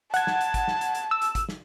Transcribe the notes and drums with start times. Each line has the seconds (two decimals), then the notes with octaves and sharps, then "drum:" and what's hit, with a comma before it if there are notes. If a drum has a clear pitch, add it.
0.14 F#5 A5 G#6, drum: hi-hat
0.27 drum: snare
0.41 drum: hi-hat
0.54 drum: kick, hi-hat
0.68 drum: snare
0.81 drum: hi-hat
0.95 drum: hi-hat
1.11 E6
1.22 drum: hi-hat
1.35 drum: kick, hi-hat
1.49 drum: snare